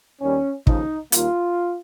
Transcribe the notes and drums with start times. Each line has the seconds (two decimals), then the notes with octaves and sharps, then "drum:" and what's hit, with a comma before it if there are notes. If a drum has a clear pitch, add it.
0.22 D#2 D#3 G3 C#4
0.67 D#2 C#3 F3 D#4, drum: kick
1.12 D#2 D#3 G3 A#3 F4, drum: hi-hat